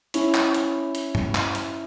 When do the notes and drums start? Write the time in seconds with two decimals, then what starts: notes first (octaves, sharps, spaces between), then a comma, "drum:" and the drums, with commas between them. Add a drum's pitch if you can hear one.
0.14 C#4 E4, drum: hi-hat
0.34 drum: clap
0.54 drum: hi-hat
0.95 drum: hi-hat
1.15 drum: tom G2
1.35 drum: clap
1.55 drum: hi-hat